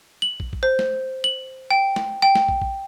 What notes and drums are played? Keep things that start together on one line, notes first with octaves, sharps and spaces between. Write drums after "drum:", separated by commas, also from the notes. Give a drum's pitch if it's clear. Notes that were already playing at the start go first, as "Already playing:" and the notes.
F#7
drum: kick
drum: kick
C5
drum: snare
F#7
G5
drum: snare
G5
drum: snare
drum: kick
drum: kick